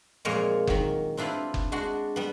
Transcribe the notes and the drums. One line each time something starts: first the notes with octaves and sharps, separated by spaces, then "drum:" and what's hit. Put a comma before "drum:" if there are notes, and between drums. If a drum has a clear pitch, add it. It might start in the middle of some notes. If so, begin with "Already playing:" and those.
F2 A#2 G#3 A#3 A#4 C#5
D#3 F#3, drum: kick F#1
C4 D4 E4 F4 B4
drum: kick F#1
G#3 D4 F#4
G3 B3